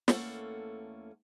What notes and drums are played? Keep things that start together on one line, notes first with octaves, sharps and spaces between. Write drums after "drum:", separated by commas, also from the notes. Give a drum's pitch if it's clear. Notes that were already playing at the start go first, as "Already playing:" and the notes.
E2 A3 A#3 C#4 A4 F#5, drum: snare